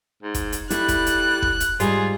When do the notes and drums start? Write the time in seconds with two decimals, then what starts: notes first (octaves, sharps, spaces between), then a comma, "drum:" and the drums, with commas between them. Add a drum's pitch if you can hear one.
0.23 G#2
0.34 drum: kick, hi-hat
0.52 drum: hi-hat
0.70 G3 A3 E4 F#6, drum: hi-hat
0.88 drum: kick, hi-hat
1.06 drum: hi-hat
1.42 drum: kick
1.60 drum: hi-hat
1.80 G#2 G3 F4 G#4, drum: hi-hat